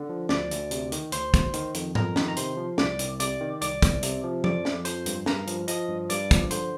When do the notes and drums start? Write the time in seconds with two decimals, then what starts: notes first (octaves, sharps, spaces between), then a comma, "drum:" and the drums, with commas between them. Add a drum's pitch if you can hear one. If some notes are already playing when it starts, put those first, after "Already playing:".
Already playing: D3
0.09 F3
0.29 D2 D5 D6, drum: snare
0.51 D2, drum: hi-hat
0.71 C3, drum: hi-hat
0.92 D#3, drum: hi-hat
1.12 D2 C5 C6, drum: hi-hat
1.34 D2, drum: kick, hi-hat
1.53 D#3, drum: hi-hat
1.74 F2, drum: hi-hat
1.95 F2 A#4 A#5, drum: tom G#2
2.16 D#3, drum: snare
2.28 A#5
2.36 C3 C5 C6, drum: hi-hat
2.57 F3
2.78 C2 D5 D6, drum: snare
2.99 C2, drum: hi-hat
3.20 C3 D5 D6, drum: hi-hat
3.41 D#3
3.61 C2 D5 D6, drum: hi-hat
3.82 C2, drum: kick, hi-hat
4.03 C3, drum: hi-hat
4.24 F3
4.44 F2 D5 D6, drum: tom F3
4.65 F2, drum: snare
4.85 F3 C5 C6, drum: hi-hat
5.06 G2, drum: hi-hat
5.26 G2 A#4 A#5, drum: snare
5.47 F3, drum: hi-hat
5.68 F3 D#5 D#6, drum: hi-hat
5.89 G2
6.10 G2 D5 D6, drum: hi-hat
6.31 F3, drum: kick, hi-hat
6.51 D3 C5 C6, drum: hi-hat